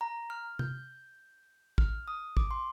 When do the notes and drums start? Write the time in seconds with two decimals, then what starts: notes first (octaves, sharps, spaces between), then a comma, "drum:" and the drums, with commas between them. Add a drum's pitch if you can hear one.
0.01 A#5
0.30 F6
0.59 G6, drum: tom C3
1.78 F6, drum: kick
2.08 D#6
2.37 D6, drum: kick
2.51 C6